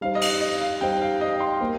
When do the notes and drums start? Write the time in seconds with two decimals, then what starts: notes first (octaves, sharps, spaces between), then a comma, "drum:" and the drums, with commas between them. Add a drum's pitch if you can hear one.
0.01 G3 D#4 C5 F5
0.15 D#5
0.21 F5, drum: cymbal
0.41 D#5
0.61 F5
0.81 G3 D#4 C5 G5
1.01 F5
1.21 D#5
1.40 C6
1.61 A#3 G4 C5